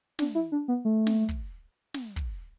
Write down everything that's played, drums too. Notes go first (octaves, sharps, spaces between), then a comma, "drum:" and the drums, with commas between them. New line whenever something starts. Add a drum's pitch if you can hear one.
D4, drum: snare
E4
D4
B3
A3
drum: snare
drum: kick
drum: snare
drum: kick